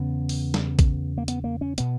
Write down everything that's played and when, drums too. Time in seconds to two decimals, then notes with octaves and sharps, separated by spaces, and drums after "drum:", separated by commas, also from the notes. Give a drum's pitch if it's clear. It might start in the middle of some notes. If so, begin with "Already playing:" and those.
Already playing: E2 C#3 B3
0.29 drum: open hi-hat
0.54 drum: snare
0.79 drum: kick A#1, hi-hat
1.18 A#3
1.28 B3, drum: hi-hat
1.44 A#3
1.61 C#4
1.78 B2 B3, drum: hi-hat